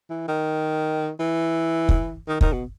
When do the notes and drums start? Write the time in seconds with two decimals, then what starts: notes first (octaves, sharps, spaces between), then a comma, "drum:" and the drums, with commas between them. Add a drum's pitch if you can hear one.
0.10 E3
0.28 D#3
1.20 E3
1.89 drum: kick
2.28 D#3
2.41 D#3, drum: kick
2.53 B2